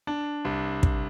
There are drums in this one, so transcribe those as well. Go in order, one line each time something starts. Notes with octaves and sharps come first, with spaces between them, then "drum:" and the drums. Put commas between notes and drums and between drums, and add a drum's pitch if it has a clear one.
D4
C2
drum: kick